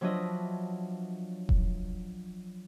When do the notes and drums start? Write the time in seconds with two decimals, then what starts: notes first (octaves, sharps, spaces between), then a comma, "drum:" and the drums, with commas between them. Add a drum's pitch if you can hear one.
0.01 F3 F#3 D4 B4 D#5 E5
1.49 drum: kick E1